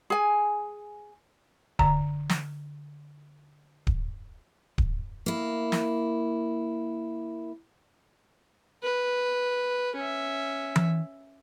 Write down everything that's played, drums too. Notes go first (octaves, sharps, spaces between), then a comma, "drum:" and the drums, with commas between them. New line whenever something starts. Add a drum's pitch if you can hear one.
G#4 G#5
D3 A#5, drum: kick D1
drum: snare
drum: kick D1
drum: kick D1
A#3 E4
drum: snare
B4
C#4 E5
drum: tom E3